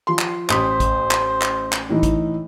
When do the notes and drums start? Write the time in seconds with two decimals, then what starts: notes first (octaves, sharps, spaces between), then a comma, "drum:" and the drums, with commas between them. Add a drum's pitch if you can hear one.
0.07 F3 C6
0.19 drum: clap
0.50 A1 C5 D#6 B6, drum: clap
0.80 drum: kick, hi-hat
1.11 drum: clap
1.42 drum: clap
1.72 drum: clap
1.89 A2 E3 D#4
2.03 drum: kick, hi-hat